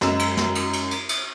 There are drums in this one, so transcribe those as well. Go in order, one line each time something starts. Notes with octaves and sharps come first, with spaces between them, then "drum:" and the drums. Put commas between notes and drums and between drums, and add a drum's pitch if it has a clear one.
F#2 G#3 E6, drum: snare
drum: cymbal
drum: snare
drum: cymbal
drum: cymbal
drum: cymbal
drum: cymbal